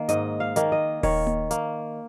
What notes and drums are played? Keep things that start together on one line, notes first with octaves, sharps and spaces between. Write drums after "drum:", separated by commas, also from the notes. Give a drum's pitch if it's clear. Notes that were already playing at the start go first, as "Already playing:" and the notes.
Already playing: D#3 A#3
G#2 D#5, drum: hi-hat
F5
D#3 A#3, drum: hi-hat
D#5
D#3 C#5, drum: kick D#1, open hi-hat
drum: tom A#3
A#3, drum: hi-hat